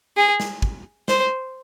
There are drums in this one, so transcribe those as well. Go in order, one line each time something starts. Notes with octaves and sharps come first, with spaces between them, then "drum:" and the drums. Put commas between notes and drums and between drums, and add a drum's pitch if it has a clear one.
G#4
drum: snare
drum: kick
C5, drum: snare